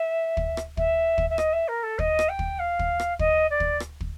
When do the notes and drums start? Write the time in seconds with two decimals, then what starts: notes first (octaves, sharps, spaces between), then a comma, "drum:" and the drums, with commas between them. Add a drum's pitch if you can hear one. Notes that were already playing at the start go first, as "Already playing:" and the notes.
Already playing: E5
0.37 drum: kick
0.57 drum: rim click
0.77 E5, drum: kick
1.18 drum: kick
1.30 E5
1.38 D#5, drum: rim click
1.53 E5
1.68 A#4
1.83 A4
1.99 D#5, drum: kick
2.19 drum: rim click
2.29 G5
2.39 drum: kick
2.59 F5
2.79 drum: kick
3.00 drum: rim click
3.19 D#5, drum: kick
3.50 D5
3.60 drum: kick
3.80 drum: rim click
4.01 drum: kick